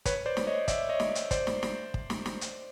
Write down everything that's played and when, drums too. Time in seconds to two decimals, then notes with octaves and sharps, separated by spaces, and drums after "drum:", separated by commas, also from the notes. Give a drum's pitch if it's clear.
0.05 B4 C#5, drum: kick, hi-hat
0.26 C5 D5
0.37 drum: snare
0.47 C#5 D#5
0.68 D5 E5, drum: kick, hi-hat
0.89 C#5 D#5
1.00 drum: snare
1.15 drum: hi-hat
1.31 C5 D5, drum: kick, hi-hat
1.47 drum: snare
1.63 drum: snare
1.94 drum: kick
2.10 drum: snare
2.26 drum: snare
2.41 drum: hi-hat